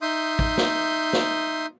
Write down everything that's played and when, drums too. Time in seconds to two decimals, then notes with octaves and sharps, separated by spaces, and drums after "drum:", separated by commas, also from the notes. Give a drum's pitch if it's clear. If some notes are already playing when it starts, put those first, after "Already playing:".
0.02 D#4 E5 C6 D#6 G6
0.39 drum: kick
0.57 drum: snare
1.13 drum: snare